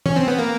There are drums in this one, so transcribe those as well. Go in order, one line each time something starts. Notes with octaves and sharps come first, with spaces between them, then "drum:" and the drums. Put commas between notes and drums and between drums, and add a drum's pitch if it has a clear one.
C#4, drum: tom E3
C4
B3
A#3